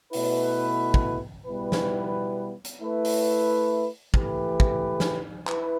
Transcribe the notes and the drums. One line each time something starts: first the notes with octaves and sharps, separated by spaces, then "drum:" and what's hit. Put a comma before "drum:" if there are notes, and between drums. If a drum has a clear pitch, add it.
B2 A3 E4 B4, drum: open hi-hat
drum: kick
B2 G3 B3 E4 B4
drum: snare
drum: hi-hat
A3 E4 B4
drum: open hi-hat
E3 A3 G4 B4, drum: kick
drum: kick
drum: snare
E4 B4, drum: clap